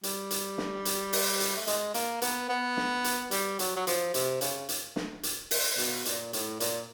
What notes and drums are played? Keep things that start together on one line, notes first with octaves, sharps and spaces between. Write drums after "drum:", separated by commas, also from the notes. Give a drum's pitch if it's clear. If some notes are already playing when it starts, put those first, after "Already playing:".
G3, drum: hi-hat
drum: hi-hat
drum: snare
drum: hi-hat
drum: open hi-hat
drum: hi-hat
A3
G#3, drum: hi-hat
A#3, drum: hi-hat
B3, drum: hi-hat
B3
drum: snare
drum: hi-hat
G3, drum: hi-hat
F#3, drum: hi-hat
F#3
F3, drum: hi-hat
C3, drum: hi-hat
C#3, drum: hi-hat
drum: hi-hat
drum: snare
drum: hi-hat
drum: open hi-hat
B2, drum: hi-hat
A#2, drum: hi-hat
A2, drum: hi-hat
A#2, drum: hi-hat